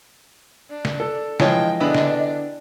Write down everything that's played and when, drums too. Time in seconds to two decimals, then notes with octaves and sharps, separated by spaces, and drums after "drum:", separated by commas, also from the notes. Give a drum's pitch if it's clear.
0.71 D4
0.85 drum: snare
1.00 A4
1.40 E3 F3 G#3 D4 F4 C#5 D#5 G5, drum: snare
1.80 D3 B3 D4 E4 G#4
1.95 drum: snare